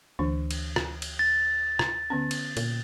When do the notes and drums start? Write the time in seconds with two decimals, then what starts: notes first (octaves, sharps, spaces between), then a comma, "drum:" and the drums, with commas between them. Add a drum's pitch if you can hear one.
0.19 D2 E3 D4 C5
0.51 drum: cymbal
0.76 drum: rim click
1.02 drum: cymbal
1.19 A6
1.79 drum: rim click
2.10 D3 B3 C#4
2.31 drum: cymbal
2.57 A#2, drum: cymbal